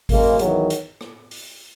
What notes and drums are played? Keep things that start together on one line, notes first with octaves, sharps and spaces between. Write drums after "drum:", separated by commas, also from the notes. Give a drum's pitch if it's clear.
F#2 C#3 G#3 A#3, drum: kick G#1, open hi-hat
E2 D#3 F#3, drum: hi-hat
drum: hi-hat
drum: rim click
drum: open hi-hat